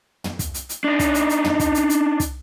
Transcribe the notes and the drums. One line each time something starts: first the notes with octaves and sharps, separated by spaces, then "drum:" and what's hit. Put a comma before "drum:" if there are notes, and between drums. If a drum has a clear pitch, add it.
drum: tom
drum: kick, hi-hat
drum: hi-hat
drum: hi-hat
D4 D#4
drum: kick, hi-hat
drum: hi-hat
drum: hi-hat
drum: tom
drum: kick, hi-hat
drum: hi-hat
drum: hi-hat
drum: kick, hi-hat